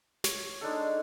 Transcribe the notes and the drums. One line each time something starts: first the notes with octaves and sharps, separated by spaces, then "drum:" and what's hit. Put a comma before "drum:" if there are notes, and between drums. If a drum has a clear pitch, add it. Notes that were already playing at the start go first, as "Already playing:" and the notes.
C#5, drum: snare
G#3 D4 D#4 A4